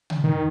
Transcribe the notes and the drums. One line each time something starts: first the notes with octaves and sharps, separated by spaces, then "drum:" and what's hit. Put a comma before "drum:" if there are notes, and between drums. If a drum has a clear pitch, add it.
drum: tom
D#3